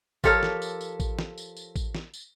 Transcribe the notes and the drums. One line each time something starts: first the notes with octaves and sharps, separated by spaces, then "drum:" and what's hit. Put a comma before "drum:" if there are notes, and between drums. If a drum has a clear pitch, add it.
F3 G4 A4 A#4 C#5, drum: kick A1, tambourine
drum: snare
drum: tambourine
drum: tambourine
drum: kick A1, tambourine
drum: snare
drum: tambourine
drum: tambourine
drum: kick A1, tambourine
drum: snare
drum: tambourine